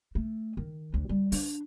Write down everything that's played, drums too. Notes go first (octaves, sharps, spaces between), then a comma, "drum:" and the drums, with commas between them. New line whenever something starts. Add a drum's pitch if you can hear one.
A3
D#3
D2
G3
D4, drum: open hi-hat